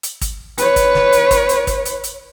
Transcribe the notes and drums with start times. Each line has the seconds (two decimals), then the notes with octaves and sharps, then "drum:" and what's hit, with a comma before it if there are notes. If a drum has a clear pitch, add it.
0.03 drum: hi-hat
0.21 drum: kick, hi-hat
0.58 B4 C#5, drum: hi-hat
0.76 drum: kick, hi-hat
0.94 drum: snare
1.12 drum: hi-hat
1.31 drum: kick, hi-hat
1.49 drum: hi-hat
1.67 drum: kick, hi-hat
1.85 drum: hi-hat
2.04 drum: hi-hat